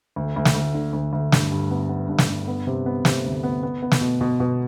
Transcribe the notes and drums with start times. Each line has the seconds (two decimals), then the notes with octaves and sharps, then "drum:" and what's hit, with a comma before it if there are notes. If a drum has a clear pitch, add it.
0.16 D2
0.36 D2
0.45 drum: snare
0.55 D2
0.74 D3
0.93 D2
1.13 D2
1.32 G2, drum: snare
1.52 G2
1.71 B3
1.89 B3
2.08 G2
2.18 drum: snare
2.28 G2
2.48 B3
2.67 C3
2.86 B3
3.05 C3, drum: snare
3.24 D2
3.44 B3
3.63 B3
3.82 B3
3.91 drum: snare
4.01 B2
4.21 B2
4.40 B2